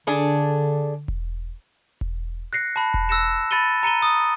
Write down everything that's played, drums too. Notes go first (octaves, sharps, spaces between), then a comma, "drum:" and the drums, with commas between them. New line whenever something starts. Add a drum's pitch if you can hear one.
D3 D4 G#4 A4
drum: kick E1
drum: kick E1
F#6 A#6 C7 C#7
A5 B5
drum: kick E1
E6 F#6 A#6 C#7 E7
B5 A6 C#7 D#7 G7
A#5 C#7 D#7 G7
D#6